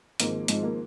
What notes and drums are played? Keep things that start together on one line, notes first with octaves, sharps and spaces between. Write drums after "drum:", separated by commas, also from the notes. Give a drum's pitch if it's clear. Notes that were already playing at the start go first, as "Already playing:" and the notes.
G#1 G#2 F3 A#3, drum: hi-hat
G#1 G#2 F3 G#3, drum: hi-hat
A#3